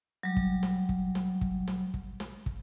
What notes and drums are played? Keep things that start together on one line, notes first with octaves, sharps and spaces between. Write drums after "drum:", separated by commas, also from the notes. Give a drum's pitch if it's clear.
F#3 G3
drum: kick
drum: snare
drum: kick
drum: snare
drum: kick
drum: snare
drum: kick
drum: snare
drum: kick